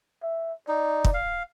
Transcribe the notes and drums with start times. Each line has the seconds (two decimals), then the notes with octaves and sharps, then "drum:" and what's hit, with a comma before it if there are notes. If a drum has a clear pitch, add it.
0.23 E5
0.68 D#4 D5
1.05 drum: kick
1.14 F5